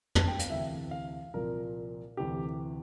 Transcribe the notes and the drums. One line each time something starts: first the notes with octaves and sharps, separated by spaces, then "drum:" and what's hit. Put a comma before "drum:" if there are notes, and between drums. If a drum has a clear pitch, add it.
A5, drum: tom
G5
F5, drum: hi-hat
D2 C3 E3 E5
F5
C2 A#2 F3 A#4
D2 C3 E3 G4